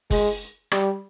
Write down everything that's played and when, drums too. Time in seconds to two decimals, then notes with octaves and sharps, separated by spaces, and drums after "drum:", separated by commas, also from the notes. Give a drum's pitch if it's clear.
0.11 G#3, drum: kick, open hi-hat
0.72 G3, drum: rim click